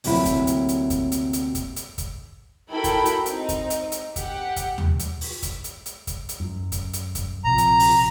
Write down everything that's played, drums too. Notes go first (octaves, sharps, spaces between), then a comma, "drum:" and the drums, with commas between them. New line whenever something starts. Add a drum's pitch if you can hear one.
D2 C3 F#3 A#3 E4 E5, drum: open hi-hat
drum: kick, hi-hat
drum: hi-hat
drum: hi-hat
drum: kick, hi-hat
drum: hi-hat
drum: hi-hat
drum: kick, hi-hat
drum: hi-hat
drum: kick, hi-hat
E4 F#4 A4 A#4 G5 B5
drum: kick, hi-hat
drum: hi-hat
C4 D#4, drum: hi-hat
drum: kick, hi-hat
drum: hi-hat
drum: hi-hat
G4 F#5, drum: kick, hi-hat
drum: kick, hi-hat
drum: tom D#2
drum: hi-hat
drum: open hi-hat
drum: kick, hi-hat
drum: hi-hat
drum: hi-hat
drum: kick, hi-hat
drum: hi-hat
F#2
drum: kick, hi-hat
drum: hi-hat
drum: kick, hi-hat
A#1 C3 F3 A#5
drum: hi-hat
drum: open hi-hat